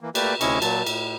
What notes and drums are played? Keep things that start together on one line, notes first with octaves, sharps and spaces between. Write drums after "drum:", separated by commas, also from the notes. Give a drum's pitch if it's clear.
E3 A#3
A3 A#3 G4 B4 D5, drum: cymbal
D2 C3 C#4 E4 D#5 C#6, drum: cymbal
A#2 F#3 A5, drum: cymbal
A2, drum: cymbal